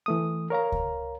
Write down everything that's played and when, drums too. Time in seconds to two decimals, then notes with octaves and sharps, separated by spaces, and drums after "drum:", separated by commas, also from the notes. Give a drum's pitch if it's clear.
0.06 E3 A3 D#6
0.50 A#4 C#5 F5 A#5
0.72 drum: kick C#2